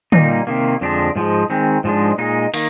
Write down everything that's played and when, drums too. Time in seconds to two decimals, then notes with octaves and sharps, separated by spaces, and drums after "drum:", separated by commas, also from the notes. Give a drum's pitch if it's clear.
0.12 A#2 G3 A#3 D#4, drum: tom D3
0.47 C3 D#3 A#3
0.81 F2 D3 F3 G#3 D4
1.16 G#2 F3 G#3
1.50 D#3 G#3 C4
1.84 G#2 F3 G#3 D4
2.18 A#2 G#3 D#4
2.54 D#3 A#3, drum: cymbal